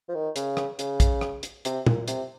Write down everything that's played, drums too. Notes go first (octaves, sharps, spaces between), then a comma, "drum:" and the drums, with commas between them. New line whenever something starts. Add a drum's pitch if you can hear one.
F3
D#3
C#3, drum: hi-hat
drum: rim click
C#3, drum: hi-hat
drum: kick, hi-hat
drum: rim click
drum: hi-hat
C3, drum: hi-hat
A#2, drum: tom
C3, drum: hi-hat